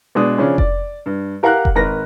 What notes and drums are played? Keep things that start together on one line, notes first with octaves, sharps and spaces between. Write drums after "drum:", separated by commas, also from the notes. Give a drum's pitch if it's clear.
B2 G#3 D4 D#6
C#3 F3 C#4 D4
D5, drum: kick F1
G2
G4 A#4 F5 F#5 A#5 F#6
drum: kick F1
G#1 A#4 B4 A#6